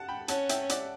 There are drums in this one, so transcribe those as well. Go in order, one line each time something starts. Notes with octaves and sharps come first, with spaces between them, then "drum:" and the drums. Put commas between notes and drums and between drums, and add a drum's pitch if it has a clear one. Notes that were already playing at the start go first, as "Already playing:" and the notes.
Already playing: F#5 A5
G5 B5
C#4 F#5 A5, drum: hi-hat
E5 G5, drum: hi-hat
D5 F#5, drum: hi-hat